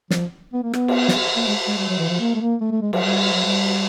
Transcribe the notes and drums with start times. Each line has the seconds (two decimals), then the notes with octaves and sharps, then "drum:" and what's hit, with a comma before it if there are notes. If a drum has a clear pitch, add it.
0.11 F3, drum: snare
0.53 B3
0.63 A#3
0.73 B3, drum: rim click
0.88 drum: cymbal
1.08 drum: snare
1.36 A#3
1.47 G#3
1.67 G#3
1.78 G3
1.89 F#3
1.98 E3
2.10 F3
2.20 A#3
2.35 A3
2.41 A#3
2.61 A3
2.71 A3
2.82 G#3
2.93 F#3, drum: cymbal
3.03 G3
3.33 F#3
3.45 G3